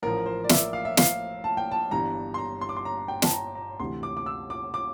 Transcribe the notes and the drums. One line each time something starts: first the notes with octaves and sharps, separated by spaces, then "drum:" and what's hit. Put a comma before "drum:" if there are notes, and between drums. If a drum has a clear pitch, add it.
A1 A2 F3 A#4
C5
D5
E5, drum: snare
F5
E5
F5, drum: snare
A5
G5
A5
G1 G2 E3 A#5
C6
A#5
C6
D6
C6
A#5
G5
A5, drum: snare
A#5
A#5
D2 C3 E3 C6
D6
D6
E6
D6
D6